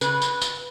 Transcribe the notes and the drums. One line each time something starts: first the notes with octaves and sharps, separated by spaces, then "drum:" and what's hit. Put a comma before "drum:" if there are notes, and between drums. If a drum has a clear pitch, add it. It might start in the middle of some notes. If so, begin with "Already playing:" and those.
C#3 B4, drum: tambourine
drum: tambourine
drum: tambourine